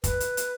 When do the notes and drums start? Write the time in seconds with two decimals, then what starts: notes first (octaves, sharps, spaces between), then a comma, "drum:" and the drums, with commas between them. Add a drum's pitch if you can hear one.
0.04 B4, drum: kick, hi-hat
0.20 drum: hi-hat
0.37 drum: hi-hat